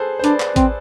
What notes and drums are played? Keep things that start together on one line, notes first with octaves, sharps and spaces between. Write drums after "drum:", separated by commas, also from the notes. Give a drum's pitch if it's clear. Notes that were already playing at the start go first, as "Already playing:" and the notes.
Already playing: G#4 A4 B4 C5
C5
D4 B4 D5, drum: hi-hat
drum: clap
C4, drum: kick, hi-hat